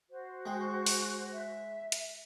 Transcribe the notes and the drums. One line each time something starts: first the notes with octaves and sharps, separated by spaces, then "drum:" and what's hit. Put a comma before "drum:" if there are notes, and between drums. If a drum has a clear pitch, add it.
F#4 C5
G#3 G5
C#6
drum: open hi-hat
E5
drum: hi-hat